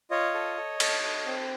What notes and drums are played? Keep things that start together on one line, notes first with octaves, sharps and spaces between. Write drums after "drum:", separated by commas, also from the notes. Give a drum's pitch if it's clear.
F4 C#5 D#5
A4
A4
A4, drum: cymbal
A4
C4